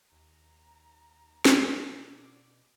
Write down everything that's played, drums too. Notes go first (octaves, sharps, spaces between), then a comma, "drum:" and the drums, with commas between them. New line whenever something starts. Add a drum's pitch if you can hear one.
D#2 A#5
drum: snare
B2 D5